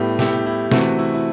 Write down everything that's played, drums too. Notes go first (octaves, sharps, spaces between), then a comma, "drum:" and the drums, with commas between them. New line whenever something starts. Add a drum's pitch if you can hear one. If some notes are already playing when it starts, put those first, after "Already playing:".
Already playing: A2 G3 B3 E4 G4
E4 G4, drum: snare
E4
C3 E3 A3 C4 F#4, drum: snare
E4
E4